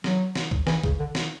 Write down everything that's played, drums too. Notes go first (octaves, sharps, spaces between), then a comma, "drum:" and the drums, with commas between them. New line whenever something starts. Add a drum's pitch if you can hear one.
F#3, drum: snare
drum: snare
drum: kick
E3, drum: snare
C#3, drum: kick
D3
drum: snare